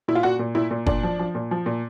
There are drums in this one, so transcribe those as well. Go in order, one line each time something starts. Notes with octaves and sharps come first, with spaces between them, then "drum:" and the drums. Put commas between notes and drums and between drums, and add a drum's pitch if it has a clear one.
A#2 E4
F4
A#2 F#4
A#2
A#2 E4
A#2
A#2 D4, drum: kick F#1
F3
F3
A#2
F3
A#2